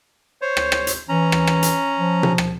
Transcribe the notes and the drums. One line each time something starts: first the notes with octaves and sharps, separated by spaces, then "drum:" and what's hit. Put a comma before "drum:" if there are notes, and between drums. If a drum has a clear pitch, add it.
C5 C#5
drum: rim click
drum: rim click
drum: hi-hat
E3 C#4 A#5
drum: rim click
drum: rim click
drum: hi-hat
F3
drum: tom B2
drum: rim click